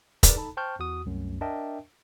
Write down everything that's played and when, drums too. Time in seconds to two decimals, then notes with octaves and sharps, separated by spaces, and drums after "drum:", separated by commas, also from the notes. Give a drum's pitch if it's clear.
0.23 G#4 A#4 B4 D5, drum: kick, hi-hat
0.36 D#4 A4 A5 B5
0.57 C5 G5 A5 C#6 F6 G6
0.79 E2 F#4 D#6
1.06 C2 F#2 A3
1.41 D4 A#4 D#5 E5 G5 A5